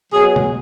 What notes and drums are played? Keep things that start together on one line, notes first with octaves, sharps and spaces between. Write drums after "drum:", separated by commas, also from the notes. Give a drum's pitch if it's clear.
B2 F#3 G#4
drum: tom B2